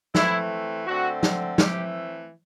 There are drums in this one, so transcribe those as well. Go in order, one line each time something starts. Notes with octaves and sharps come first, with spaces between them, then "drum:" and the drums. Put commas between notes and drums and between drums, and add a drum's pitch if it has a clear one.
E3 A3 C4 E4, drum: snare
D3 A3 C4 F#4
drum: snare
E3 A3 C4 G4, drum: snare